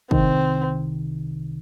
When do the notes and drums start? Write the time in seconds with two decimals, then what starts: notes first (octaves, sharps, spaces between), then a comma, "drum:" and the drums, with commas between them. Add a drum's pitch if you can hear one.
0.11 C2 C3 D#3 C4, drum: kick